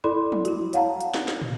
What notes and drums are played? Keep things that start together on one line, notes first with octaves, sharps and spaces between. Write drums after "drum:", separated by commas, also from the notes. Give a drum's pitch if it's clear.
E4 A4 D5 B5 C6
drum: tom F3
E4 F#4, drum: hi-hat
C#5 F5 F#5 A5 A#5, drum: hi-hat
drum: hi-hat
drum: snare
drum: snare
drum: tom